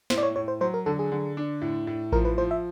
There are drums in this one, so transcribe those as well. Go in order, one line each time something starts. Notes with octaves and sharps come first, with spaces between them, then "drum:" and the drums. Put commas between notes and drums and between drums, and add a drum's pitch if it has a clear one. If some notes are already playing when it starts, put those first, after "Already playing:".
A2 C5, drum: snare
D5
C#5
A2 C#5
C5
F#3 C5
A#4
D3 A4
G#4
D3
D4
A2
A2
F3 A#4, drum: kick A1
B4
F3 C5
E5